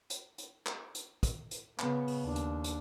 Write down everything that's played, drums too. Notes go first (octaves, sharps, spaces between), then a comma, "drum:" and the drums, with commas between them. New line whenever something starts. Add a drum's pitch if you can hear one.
drum: hi-hat
drum: hi-hat
drum: clap
drum: hi-hat
drum: kick, hi-hat
drum: hi-hat
C#3 B3, drum: clap
drum: open hi-hat
D#2 D4
drum: hi-hat
drum: hi-hat